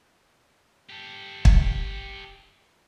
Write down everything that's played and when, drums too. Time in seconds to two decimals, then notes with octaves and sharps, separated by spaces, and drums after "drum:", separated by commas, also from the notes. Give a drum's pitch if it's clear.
0.90 G4 A4
1.45 drum: kick